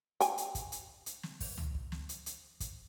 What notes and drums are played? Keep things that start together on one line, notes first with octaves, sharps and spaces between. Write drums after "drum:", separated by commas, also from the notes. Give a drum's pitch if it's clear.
G5 G#5, drum: hi-hat
drum: hi-hat
drum: kick, hi-hat
drum: hi-hat
drum: hi-hat
drum: snare
drum: kick, open hi-hat
drum: tom C#2
drum: kick
drum: snare
drum: hi-hat
drum: hi-hat
drum: kick, hi-hat